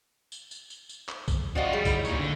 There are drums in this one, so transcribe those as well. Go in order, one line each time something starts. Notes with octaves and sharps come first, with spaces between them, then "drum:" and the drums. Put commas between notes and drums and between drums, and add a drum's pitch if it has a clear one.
drum: tambourine
drum: tambourine
drum: tambourine
drum: tambourine
drum: clap
drum: kick, tambourine
F3 G3 F4 F#4 D#5
C#3 G3
D#4 E4, drum: kick, tambourine
A#2 C#5, drum: tambourine
D3